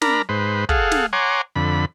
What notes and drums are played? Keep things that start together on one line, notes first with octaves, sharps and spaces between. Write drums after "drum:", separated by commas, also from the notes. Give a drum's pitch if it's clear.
D4 A#4 A#5 B5, drum: snare
G#2 B4 C5
G#4 A4 F5 F#5, drum: kick
drum: snare
C#5 F#5 G#5 A#5 C6 D6
F2 D3 B5